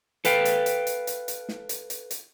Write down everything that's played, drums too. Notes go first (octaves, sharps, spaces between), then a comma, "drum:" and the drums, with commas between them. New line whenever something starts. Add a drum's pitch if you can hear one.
A4 B4 F5 G5, drum: hi-hat
drum: hi-hat
drum: hi-hat
drum: hi-hat
drum: hi-hat
drum: hi-hat
drum: snare
drum: hi-hat
drum: hi-hat
drum: hi-hat